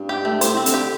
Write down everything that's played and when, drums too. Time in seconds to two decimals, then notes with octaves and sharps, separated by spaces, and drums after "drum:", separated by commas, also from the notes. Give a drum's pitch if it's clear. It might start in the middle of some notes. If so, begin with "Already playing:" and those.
Already playing: G2
0.09 G4
0.25 A3
0.30 G2
0.41 A2 C5, drum: hi-hat
0.54 C3 C4
0.66 D3, drum: hi-hat
0.74 G4